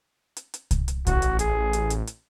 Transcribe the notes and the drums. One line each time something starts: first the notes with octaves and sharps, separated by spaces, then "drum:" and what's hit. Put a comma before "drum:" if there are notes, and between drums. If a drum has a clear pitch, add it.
drum: hi-hat
drum: hi-hat
drum: kick C2, hi-hat
drum: hi-hat
A1 F#4, drum: kick C2, hi-hat
drum: hi-hat
G#4, drum: hi-hat
drum: hi-hat
drum: hi-hat
drum: hi-hat